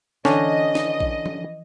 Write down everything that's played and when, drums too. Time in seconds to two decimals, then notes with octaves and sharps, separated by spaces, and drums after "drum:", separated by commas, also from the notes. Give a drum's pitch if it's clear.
0.25 D3 E3 C#4 D4 D#5, drum: snare
0.75 drum: snare
1.00 drum: kick A#1
1.26 drum: tom